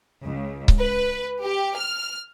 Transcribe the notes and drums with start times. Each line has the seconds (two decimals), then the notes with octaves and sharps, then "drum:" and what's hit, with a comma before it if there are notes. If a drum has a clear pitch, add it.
0.24 C#2
0.68 drum: kick C#1
0.79 B4
1.43 G4
1.77 F6